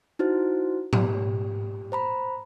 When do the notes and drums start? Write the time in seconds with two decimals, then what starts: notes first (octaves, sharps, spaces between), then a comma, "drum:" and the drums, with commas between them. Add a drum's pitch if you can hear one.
0.19 D#4 E4 F#4 C5
0.93 G4, drum: tom G#2
1.92 C5 A#5 B5